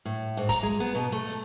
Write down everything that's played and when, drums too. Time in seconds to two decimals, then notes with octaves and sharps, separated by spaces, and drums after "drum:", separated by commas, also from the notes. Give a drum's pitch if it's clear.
0.05 A2
0.37 G#2
0.49 A#5, drum: kick, hi-hat
0.63 G#3
0.80 B3
0.95 B2
1.12 A3
1.25 drum: open hi-hat